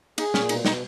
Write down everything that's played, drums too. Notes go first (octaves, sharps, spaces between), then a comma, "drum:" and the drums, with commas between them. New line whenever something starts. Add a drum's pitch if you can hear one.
D#4 G#4, drum: cymbal
A#2 C#4, drum: snare
B2 D#4, drum: cymbal
B2 D#4, drum: snare